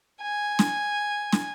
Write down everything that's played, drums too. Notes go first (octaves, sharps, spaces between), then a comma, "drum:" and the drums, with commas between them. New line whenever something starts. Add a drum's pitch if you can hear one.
G#5
drum: snare
drum: snare